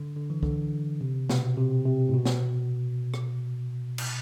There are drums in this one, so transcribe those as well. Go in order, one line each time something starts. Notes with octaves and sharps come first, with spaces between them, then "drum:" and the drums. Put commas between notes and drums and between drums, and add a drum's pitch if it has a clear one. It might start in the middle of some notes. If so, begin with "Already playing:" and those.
Already playing: D3
D3
E3
D3, drum: kick
C3
B2, drum: snare
C3
C3
A2
B2
drum: snare
drum: rim click
drum: cymbal